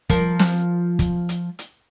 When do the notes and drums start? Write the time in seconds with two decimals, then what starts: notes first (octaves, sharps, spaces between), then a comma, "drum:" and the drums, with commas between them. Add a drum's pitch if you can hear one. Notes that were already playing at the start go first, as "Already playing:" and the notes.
0.10 F3 A#4, drum: kick, hi-hat
0.39 drum: snare
0.99 drum: kick, hi-hat
1.29 drum: hi-hat
1.59 drum: hi-hat